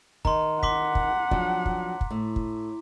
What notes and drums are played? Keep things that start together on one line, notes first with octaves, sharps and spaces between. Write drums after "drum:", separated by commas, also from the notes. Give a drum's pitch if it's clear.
D#3 A#5 C6, drum: kick
F#5 C6 D6 B6, drum: kick
drum: kick
F3 F#3 D4, drum: kick
drum: kick
drum: kick
A2
drum: kick